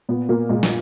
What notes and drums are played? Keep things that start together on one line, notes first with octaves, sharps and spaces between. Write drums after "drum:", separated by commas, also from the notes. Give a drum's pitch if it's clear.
A#2 B3
A#2 A#3
A#2 G#3
drum: snare